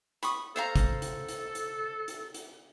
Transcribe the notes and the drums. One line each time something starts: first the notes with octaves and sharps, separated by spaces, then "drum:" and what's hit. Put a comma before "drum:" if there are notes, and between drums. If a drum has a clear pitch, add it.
B5 C#6 D#6, drum: hi-hat
A4 C5 F5 A#5
drum: kick, hi-hat
drum: hi-hat
drum: hi-hat
drum: hi-hat
drum: hi-hat
drum: hi-hat